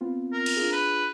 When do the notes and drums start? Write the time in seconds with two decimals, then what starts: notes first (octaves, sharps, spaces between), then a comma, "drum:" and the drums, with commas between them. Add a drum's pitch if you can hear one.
0.01 B3 C4 F4
0.33 A#4
0.46 drum: cymbal
0.57 D4 F4 G#4
0.73 B4